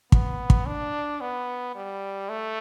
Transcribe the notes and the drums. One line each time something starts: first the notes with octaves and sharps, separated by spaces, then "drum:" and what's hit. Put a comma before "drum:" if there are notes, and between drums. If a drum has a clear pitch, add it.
B3, drum: kick
drum: kick
D4
B3
G3
A3